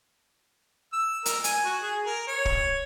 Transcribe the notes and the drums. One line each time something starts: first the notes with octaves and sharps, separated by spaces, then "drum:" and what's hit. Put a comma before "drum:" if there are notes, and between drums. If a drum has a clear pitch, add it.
E6
A#4, drum: hi-hat
G#5, drum: hi-hat
F#4
G#4
A#4
C#5
drum: kick D1